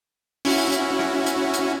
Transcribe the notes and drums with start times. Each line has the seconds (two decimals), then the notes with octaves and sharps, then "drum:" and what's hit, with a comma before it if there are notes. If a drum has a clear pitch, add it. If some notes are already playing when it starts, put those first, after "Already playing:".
0.45 C#4 E4 F#4, drum: open hi-hat
0.72 drum: hi-hat
0.99 drum: rim click
1.26 drum: hi-hat
1.54 drum: hi-hat